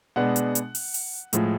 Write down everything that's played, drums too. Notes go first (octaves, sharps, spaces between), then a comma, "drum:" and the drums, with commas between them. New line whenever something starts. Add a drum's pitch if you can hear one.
B2 G#3 B3 D4 F#5
drum: hi-hat
drum: hi-hat
drum: open hi-hat
drum: open hi-hat
A2 F3 G#3, drum: hi-hat